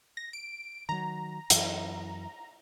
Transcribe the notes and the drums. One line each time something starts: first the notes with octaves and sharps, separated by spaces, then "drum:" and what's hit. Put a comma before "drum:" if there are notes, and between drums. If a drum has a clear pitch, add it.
A#6
D7
D#3 F#3 A#5
F#2 E3, drum: hi-hat